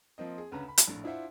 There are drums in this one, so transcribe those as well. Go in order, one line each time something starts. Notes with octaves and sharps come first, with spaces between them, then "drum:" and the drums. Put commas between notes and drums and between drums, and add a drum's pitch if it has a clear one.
F3 A#3 C4 D#5
G#4
D2 C#3 B4 A#5 B5
B5
drum: hi-hat
A#1 A2
D4 E4 F4 C5 E5 F#5